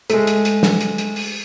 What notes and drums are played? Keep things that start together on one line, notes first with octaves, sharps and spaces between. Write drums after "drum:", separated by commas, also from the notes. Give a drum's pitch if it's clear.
G#3 A3, drum: hi-hat
drum: hi-hat
drum: hi-hat
drum: snare
drum: hi-hat
drum: hi-hat
drum: open hi-hat